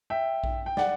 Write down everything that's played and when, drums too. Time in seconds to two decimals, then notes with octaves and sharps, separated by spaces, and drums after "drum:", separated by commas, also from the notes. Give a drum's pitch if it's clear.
0.10 E5 G5
0.44 drum: kick A#1
0.66 G5
0.77 D5 F#5, drum: snare